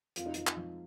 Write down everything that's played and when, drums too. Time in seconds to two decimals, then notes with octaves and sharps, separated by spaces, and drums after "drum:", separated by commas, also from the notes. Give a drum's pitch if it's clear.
0.16 F2 F4, drum: hi-hat
0.26 D#4
0.34 F2 F4, drum: hi-hat
0.47 drum: clap
0.57 F3